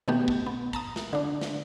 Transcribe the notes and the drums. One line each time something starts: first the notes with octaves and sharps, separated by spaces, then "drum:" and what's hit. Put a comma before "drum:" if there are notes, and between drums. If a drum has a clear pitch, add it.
B2 D#3 A3 B3 F#4 G4
drum: kick
B3
A5 A#5 D#6, drum: kick
drum: snare
D3 D4
drum: snare